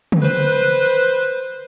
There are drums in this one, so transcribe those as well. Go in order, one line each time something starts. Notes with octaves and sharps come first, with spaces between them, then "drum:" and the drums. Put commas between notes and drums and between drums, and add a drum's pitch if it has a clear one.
drum: tom
B4 C5